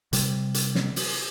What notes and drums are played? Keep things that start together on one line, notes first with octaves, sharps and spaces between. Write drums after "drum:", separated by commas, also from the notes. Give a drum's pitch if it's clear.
C3 G3, drum: hi-hat
drum: hi-hat
drum: snare
drum: open hi-hat